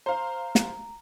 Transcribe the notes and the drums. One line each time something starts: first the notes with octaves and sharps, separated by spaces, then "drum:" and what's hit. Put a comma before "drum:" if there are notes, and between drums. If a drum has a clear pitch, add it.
C5 F5 A#5
drum: snare